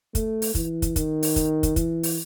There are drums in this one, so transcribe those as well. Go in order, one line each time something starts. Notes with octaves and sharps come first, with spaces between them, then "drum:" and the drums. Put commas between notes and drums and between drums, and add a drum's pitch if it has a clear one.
A3, drum: kick, hi-hat
drum: open hi-hat
E3, drum: kick, hi-hat
drum: kick, hi-hat
D#3, drum: kick, hi-hat
drum: open hi-hat
drum: kick, hi-hat
drum: kick, hi-hat
E3, drum: kick, hi-hat
drum: open hi-hat